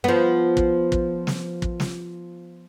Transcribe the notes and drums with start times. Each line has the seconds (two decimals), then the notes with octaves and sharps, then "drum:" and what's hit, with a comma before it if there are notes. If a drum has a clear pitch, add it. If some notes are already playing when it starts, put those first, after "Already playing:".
0.04 F3 B3
0.57 drum: kick
0.92 drum: kick
1.27 drum: snare
1.62 drum: kick
1.80 drum: snare